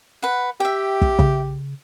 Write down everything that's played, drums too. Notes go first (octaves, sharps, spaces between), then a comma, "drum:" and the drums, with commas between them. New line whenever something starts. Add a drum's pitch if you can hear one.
B4 F#5
G4 E5 G5
drum: kick
C#3, drum: kick